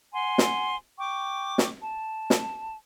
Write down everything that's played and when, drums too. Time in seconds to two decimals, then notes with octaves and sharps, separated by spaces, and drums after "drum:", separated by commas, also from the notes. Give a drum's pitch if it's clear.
0.14 F#5 G#5 C6
0.38 drum: snare
0.99 G5 C#6 D6
1.58 drum: snare
1.82 A5
2.30 drum: snare